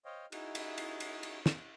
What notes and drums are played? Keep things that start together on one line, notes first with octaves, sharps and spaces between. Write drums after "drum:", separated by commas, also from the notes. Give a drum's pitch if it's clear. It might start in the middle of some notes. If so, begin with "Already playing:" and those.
C5 C#5 D#5 F5 G5
D#4 E4 F#4 G#4, drum: cymbal
drum: cymbal
drum: cymbal
drum: cymbal
drum: cymbal
drum: snare